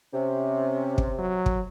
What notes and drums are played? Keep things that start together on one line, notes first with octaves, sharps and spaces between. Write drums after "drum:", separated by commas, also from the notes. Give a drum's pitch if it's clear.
C3 C#4
drum: kick
F#3
drum: kick